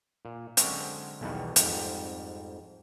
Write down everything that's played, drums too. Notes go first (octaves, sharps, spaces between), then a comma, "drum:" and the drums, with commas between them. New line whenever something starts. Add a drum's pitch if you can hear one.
A#2
D3 F#3 G#3 C4 C#4, drum: hi-hat
B1 E2 B2 D#3 G3 F#5
F2 G#2 G3, drum: hi-hat